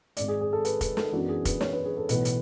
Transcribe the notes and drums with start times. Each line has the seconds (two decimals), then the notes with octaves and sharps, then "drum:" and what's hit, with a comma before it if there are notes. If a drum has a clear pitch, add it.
0.17 G#1 G#2 G#3 D5, drum: hi-hat
0.28 G#4
0.41 G#4
0.53 A4
0.65 B4, drum: hi-hat
0.81 B4, drum: kick F1, hi-hat
0.97 A4, drum: snare
1.13 F#2 E3 B3 D4 F#4
1.29 G#4
1.45 B4, drum: kick F1, hi-hat
1.61 C#5, drum: snare
1.73 B4
1.85 G#4
1.97 A4
2.09 B1 A2 E3 B3 B4, drum: hi-hat
2.25 drum: hi-hat